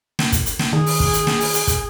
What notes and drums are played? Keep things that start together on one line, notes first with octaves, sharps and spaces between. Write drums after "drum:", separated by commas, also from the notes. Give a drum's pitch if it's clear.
drum: snare
drum: kick, hi-hat
drum: hi-hat
drum: snare
D#3 G#4
drum: open hi-hat
drum: kick
drum: hi-hat
drum: snare
drum: open hi-hat
drum: hi-hat
drum: kick, hi-hat